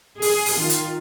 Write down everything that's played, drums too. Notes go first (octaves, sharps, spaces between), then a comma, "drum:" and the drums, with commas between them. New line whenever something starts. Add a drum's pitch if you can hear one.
G#4, drum: open hi-hat
drum: open hi-hat
D#3 F4
drum: hi-hat